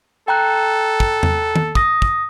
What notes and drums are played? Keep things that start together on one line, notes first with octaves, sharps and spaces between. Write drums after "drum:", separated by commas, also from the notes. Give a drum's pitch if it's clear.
A4 G5 A#5 F#6
drum: kick
drum: tom E2
drum: tom D#3
D#6 A#6, drum: kick
drum: kick